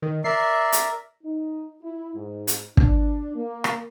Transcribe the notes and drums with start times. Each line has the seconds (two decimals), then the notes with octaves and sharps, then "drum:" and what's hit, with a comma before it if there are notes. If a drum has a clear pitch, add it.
0.02 D#3
0.24 A#4 D5 E5 C7
0.72 drum: hi-hat
1.23 D#4
1.82 E4
2.14 G#2
2.47 drum: hi-hat
2.77 D4, drum: kick
3.35 A#3
3.64 drum: rim click